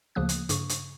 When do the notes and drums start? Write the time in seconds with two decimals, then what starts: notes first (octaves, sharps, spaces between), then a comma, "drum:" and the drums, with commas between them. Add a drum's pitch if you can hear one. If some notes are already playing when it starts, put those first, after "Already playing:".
0.15 D2 C#3 F3 A#3 D#6 F#6
0.29 drum: hi-hat
0.49 G2 C#3 C#6, drum: hi-hat
0.69 drum: hi-hat